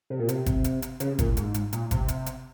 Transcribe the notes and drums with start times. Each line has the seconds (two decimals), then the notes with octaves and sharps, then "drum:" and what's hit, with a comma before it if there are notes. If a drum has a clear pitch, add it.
0.10 C3
0.19 A#2
0.29 C3, drum: hi-hat
0.46 drum: kick G1, hi-hat
0.64 drum: hi-hat
0.82 drum: hi-hat
1.00 C#3, drum: hi-hat
1.19 A#2, drum: kick G1, hi-hat
1.37 G#2, drum: hi-hat
1.54 drum: hi-hat
1.73 A#2, drum: hi-hat
1.91 C3, drum: kick G1, hi-hat
2.08 drum: hi-hat
2.26 drum: hi-hat